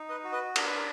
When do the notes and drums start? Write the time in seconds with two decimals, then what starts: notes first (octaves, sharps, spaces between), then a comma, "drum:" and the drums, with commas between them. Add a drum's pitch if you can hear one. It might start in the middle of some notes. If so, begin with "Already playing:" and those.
Already playing: D#4
0.09 B4 D#5
0.24 F#4
0.32 B4 D#5
0.56 D4 A#4, drum: cymbal
0.65 B4
0.76 A#4